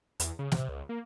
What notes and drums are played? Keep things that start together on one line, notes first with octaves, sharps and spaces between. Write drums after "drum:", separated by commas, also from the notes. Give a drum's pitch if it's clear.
E2, drum: hi-hat
C#3
C3, drum: snare
C#2
A#3